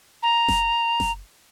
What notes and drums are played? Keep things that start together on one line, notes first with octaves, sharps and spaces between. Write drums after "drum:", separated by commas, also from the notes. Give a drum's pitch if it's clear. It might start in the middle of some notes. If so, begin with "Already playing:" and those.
A#5
drum: snare F#1
drum: snare F#1